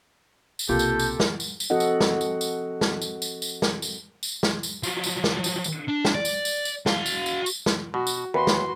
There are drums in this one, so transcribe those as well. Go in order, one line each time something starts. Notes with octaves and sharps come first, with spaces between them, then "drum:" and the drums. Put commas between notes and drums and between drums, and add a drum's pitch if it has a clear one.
drum: tambourine
B1 C3 A#3 F4 G4 A4 G6
drum: tambourine
drum: tambourine
drum: snare
drum: tambourine
drum: tambourine
F3 C4 F#4 A4 D#5 F#5
drum: tambourine
drum: snare
drum: tambourine
drum: tambourine
drum: snare
drum: tambourine
drum: tambourine
drum: tambourine
drum: snare
drum: tambourine
drum: tambourine
drum: snare
drum: tambourine
F3 F#3, drum: tambourine
drum: tambourine
drum: snare
drum: tambourine
drum: tambourine
D4
drum: snare
D5
drum: tambourine
drum: tambourine
drum: tambourine
F#4 F5, drum: snare
drum: tambourine
drum: tambourine
drum: tambourine
drum: snare
B2 F#4
drum: tambourine
D#2 F#4 B4 C6
drum: snare